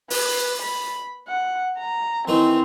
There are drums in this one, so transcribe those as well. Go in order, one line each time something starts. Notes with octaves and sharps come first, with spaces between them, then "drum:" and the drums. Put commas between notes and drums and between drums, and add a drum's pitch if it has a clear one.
B4, drum: open hi-hat
B5
F#5
A#5
D#3 E3 A3 C4